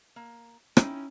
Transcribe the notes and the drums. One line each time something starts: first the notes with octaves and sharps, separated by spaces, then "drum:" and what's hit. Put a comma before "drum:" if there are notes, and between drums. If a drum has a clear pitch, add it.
A#3
C#4 D#4 E4 G5, drum: rim click